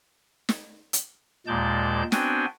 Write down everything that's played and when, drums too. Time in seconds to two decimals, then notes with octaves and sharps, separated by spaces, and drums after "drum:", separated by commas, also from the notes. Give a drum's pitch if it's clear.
0.49 drum: snare
0.93 drum: hi-hat
1.47 D#2 A#2 G#3 D5 A5 G6
2.12 B3 C4 D4 F#4 G5 G#5, drum: snare